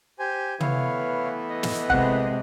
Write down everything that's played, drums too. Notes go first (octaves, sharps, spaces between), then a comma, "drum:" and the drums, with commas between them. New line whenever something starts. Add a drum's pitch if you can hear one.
G4 C5 G#5
E3 A3 B3 E4 C#5 F5, drum: tom
D#5
drum: snare
C3 G#3 F#5, drum: kick